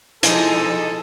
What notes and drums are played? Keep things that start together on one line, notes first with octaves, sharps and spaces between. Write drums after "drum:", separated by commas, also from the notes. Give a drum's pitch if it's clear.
B2 F3 G#3 D#4 E4 A4, drum: hi-hat